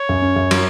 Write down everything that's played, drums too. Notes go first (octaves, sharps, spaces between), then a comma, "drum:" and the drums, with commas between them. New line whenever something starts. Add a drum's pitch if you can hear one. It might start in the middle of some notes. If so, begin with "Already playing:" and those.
Already playing: C#5
F#2
C#4
F#2
F#3, drum: cymbal